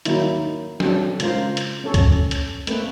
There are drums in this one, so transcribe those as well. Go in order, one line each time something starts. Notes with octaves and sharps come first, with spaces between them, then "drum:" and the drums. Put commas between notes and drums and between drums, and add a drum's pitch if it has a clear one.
D#3 F#3 A#3 D#4 E4, drum: hi-hat
F#3 C4 D4 A4, drum: snare
C#3 G#3 F4 A#4 C5, drum: hi-hat
drum: hi-hat
C#4 A4 C#5
drum: kick C#2, hi-hat
drum: hi-hat
A3 A#3 C4 B4, drum: hi-hat